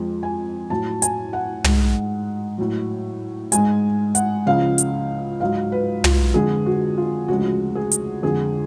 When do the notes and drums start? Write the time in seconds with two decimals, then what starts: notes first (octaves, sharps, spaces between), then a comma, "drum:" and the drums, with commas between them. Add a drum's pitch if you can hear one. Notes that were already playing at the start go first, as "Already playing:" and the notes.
Already playing: F2 F3 G#3
0.23 G#5
0.70 A2 F#3 A5
1.02 G#5, drum: hi-hat
1.33 F#5
1.64 G#2 G#3, drum: tom
2.58 A2 F#3
3.52 G#2 G#3 G#5, drum: hi-hat
4.15 F#5, drum: hi-hat
4.46 C#2 C#3 F3 G#3 F5
4.78 drum: hi-hat
5.40 G#2 F#3 F5
5.72 B4
6.04 F4, drum: tom
6.34 F2 D3 G#3 G#4
6.66 F#4
6.97 F4
7.28 D2 C#3 F3 G#3 F#4
7.75 G#4
7.91 drum: hi-hat
8.22 F2 D3 G#3 G#4